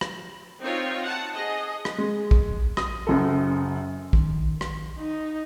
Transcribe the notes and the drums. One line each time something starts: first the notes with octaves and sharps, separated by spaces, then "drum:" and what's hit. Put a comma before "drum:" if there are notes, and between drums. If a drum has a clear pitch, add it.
drum: rim click
C4 D#4 F4 C#5
F#5 A5
G#4 D#5
drum: rim click
G#3
drum: kick
D#6, drum: rim click
F#1 F#2 A4
D#3, drum: kick
drum: rim click
D#4